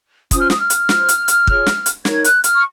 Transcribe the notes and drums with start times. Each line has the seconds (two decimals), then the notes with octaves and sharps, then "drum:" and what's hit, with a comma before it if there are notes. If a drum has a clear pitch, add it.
0.31 C#4 F4 C5 D#6, drum: kick, hi-hat
0.41 F6
0.50 D#6, drum: snare
0.60 F6
0.70 drum: hi-hat
0.89 F4 C5, drum: snare
1.09 drum: hi-hat
1.28 drum: hi-hat
1.47 F4 G#4 C#5, drum: kick
1.66 drum: snare
1.86 drum: hi-hat
2.05 D#4 A#4 C#5 G#6, drum: snare
2.24 F#6, drum: hi-hat
2.44 F6, drum: hi-hat
2.55 C#6